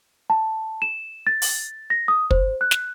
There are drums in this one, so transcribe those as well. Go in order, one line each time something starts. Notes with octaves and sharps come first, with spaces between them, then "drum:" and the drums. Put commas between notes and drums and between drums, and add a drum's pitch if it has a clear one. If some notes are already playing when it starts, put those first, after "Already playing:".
A5
E7
A6
drum: open hi-hat
A#6
D#6
C5, drum: kick
F#6
drum: snare